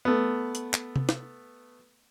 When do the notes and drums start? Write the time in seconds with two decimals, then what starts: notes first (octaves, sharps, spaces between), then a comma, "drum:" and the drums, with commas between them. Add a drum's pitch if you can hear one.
0.05 A3 B3
0.55 drum: hi-hat
0.74 drum: clap
0.96 drum: tom C3
1.09 drum: snare